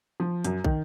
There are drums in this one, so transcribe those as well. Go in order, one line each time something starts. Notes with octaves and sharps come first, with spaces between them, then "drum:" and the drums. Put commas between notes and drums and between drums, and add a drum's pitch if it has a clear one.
F3
F#2, drum: hi-hat
D#3, drum: kick